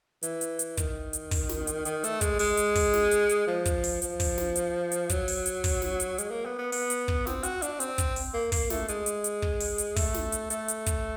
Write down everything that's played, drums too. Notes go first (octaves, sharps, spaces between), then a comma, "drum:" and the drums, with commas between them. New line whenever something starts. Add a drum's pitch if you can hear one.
E3, drum: hi-hat
drum: hi-hat
drum: hi-hat
D#3, drum: kick, hi-hat
drum: hi-hat
drum: kick, open hi-hat
drum: snare
drum: hi-hat
D#3, drum: hi-hat
A3, drum: hi-hat
G#3, drum: kick, hi-hat
G#3, drum: open hi-hat
drum: hi-hat
drum: kick, open hi-hat
drum: snare
drum: hi-hat
drum: hi-hat
F3
drum: kick, hi-hat
drum: open hi-hat
F3, drum: hi-hat
drum: kick, open hi-hat
drum: snare
drum: hi-hat
drum: hi-hat
F#3, drum: kick, hi-hat
drum: open hi-hat
drum: hi-hat
drum: kick, open hi-hat
drum: snare
drum: hi-hat
G#3, drum: hi-hat
A#3
B3
B3
B3, drum: open hi-hat
drum: hi-hat
drum: kick
C4, drum: snare
F#4, drum: hi-hat
D4, drum: hi-hat
C4, drum: hi-hat
drum: kick, hi-hat
drum: open hi-hat
A#3
A#3, drum: kick, open hi-hat
A3, drum: snare
G#3, drum: hi-hat
drum: hi-hat
drum: hi-hat
drum: kick
drum: open hi-hat
drum: hi-hat
A3, drum: kick, open hi-hat
drum: snare
drum: hi-hat
A3, drum: hi-hat
drum: hi-hat
drum: kick, hi-hat